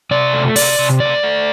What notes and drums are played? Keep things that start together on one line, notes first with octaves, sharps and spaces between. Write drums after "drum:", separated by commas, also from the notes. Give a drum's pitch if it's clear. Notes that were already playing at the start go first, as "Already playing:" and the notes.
C3 D5
A3
C3 D5, drum: open hi-hat
C3
A3 D5
A3